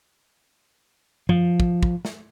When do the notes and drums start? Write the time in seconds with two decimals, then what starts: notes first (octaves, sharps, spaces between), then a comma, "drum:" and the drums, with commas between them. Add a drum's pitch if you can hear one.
1.29 F3, drum: tom F#2
1.60 drum: kick
1.83 drum: kick
2.05 drum: snare